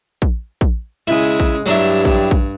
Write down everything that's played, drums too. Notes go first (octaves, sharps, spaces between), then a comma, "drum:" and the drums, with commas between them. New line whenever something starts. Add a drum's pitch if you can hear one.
drum: kick
drum: kick
C#3 G#3 E4
drum: kick
G2 F#3 D4 E4 G4
drum: kick
drum: kick